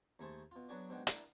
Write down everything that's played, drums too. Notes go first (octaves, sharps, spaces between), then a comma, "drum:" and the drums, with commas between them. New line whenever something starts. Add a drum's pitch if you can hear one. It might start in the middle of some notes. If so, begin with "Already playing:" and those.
D#2 A3 G#4 C5 A5
B2 F4
F#3 B3 D4 F#4 G#4 D5
G#2 B2 G#3 D4 F#4 G5
D4 E4 A#4 D5, drum: hi-hat